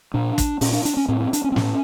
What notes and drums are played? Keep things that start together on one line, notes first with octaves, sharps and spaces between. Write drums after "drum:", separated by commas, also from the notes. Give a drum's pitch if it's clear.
A#2 D4
drum: kick, hi-hat
A#2 C#4, drum: open hi-hat
D4
D4, drum: hi-hat
C#4
A2 C4
C4
D4, drum: hi-hat
C#4
C4
A2 C#4, drum: snare